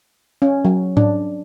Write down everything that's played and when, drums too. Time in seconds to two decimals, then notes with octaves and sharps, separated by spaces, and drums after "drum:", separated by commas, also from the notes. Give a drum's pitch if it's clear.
0.42 C#4
0.65 F#3
0.97 D4, drum: tom G#2